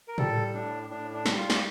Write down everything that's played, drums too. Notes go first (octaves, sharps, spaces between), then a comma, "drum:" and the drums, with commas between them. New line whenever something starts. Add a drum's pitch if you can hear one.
A#4
G3 A4, drum: tom A2
A2 D4
A2 D4
D4
G3, drum: snare
F4
drum: snare